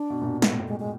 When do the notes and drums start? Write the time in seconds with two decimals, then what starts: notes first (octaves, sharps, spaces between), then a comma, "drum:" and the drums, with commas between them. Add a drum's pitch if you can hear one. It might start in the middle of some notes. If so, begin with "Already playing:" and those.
Already playing: D4
0.10 B2
0.21 A#2
0.26 B2
0.42 A2 B3, drum: snare
0.59 A2
0.68 G#3
0.80 G#3